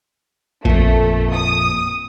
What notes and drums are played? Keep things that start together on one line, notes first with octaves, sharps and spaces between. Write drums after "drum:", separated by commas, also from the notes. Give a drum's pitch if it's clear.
F2 A#2 A3, drum: kick A1
D#6